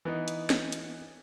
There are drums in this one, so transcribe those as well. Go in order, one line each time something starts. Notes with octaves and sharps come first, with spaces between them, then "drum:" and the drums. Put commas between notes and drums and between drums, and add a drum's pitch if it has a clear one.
E3 B3 D#4
drum: hi-hat
drum: snare
drum: hi-hat